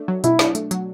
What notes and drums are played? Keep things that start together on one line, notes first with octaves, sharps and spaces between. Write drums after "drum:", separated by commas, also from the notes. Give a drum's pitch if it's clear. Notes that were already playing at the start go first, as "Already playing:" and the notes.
Already playing: A3 D4
F#3
B2 E4, drum: hi-hat
D4, drum: snare
A3, drum: hi-hat
F#3, drum: hi-hat